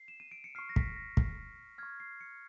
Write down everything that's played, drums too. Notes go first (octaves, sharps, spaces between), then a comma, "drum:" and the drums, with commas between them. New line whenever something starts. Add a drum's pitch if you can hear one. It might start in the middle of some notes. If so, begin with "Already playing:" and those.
Already playing: C7
E7
D#7
D7
C#7
C#6 F6 C7
A#6
B6, drum: kick
A#6
drum: kick
C#6 F6 G#6
C7
C#7